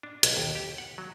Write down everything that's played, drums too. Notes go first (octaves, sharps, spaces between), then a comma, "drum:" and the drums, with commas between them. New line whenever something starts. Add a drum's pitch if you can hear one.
D4
B1, drum: hi-hat
D#2
G4
F#5
F#3